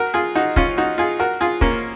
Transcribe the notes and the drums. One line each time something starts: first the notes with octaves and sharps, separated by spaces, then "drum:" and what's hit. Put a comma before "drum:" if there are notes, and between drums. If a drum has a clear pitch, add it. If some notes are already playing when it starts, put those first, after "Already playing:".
Already playing: F#4 A#4
F4 G#4
D#4 F#4
C#4 F4, drum: kick
D#4 F#4
F4 G#4
F#4 A#4
F4 G#4
A#3 C#4, drum: kick